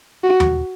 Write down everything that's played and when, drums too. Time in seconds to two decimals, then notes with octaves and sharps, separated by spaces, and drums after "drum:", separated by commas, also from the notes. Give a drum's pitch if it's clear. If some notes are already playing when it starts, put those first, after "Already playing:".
0.24 F#4
0.40 drum: tom D#2